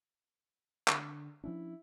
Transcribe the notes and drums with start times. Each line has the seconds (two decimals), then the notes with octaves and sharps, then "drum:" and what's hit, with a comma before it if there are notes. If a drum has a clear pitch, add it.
0.88 D3, drum: clap
1.44 F3 C#4 D4 E4